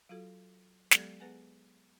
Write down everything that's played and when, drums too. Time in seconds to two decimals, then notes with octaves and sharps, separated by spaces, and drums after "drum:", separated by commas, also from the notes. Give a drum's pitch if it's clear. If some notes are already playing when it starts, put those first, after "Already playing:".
0.09 F#3 F4 F#4 A4
0.91 F#3 G#3 B3 G4 A4 D5, drum: snare
1.20 B3 G#4 B4 F#5 G#5